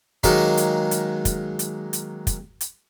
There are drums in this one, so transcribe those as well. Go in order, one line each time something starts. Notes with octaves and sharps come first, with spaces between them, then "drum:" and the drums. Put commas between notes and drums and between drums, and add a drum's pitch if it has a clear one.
D#3 F#3 G#3 A#3 D#4, drum: kick, hi-hat
drum: hi-hat
drum: hi-hat
drum: kick, hi-hat
drum: hi-hat
drum: hi-hat
drum: kick, hi-hat
drum: hi-hat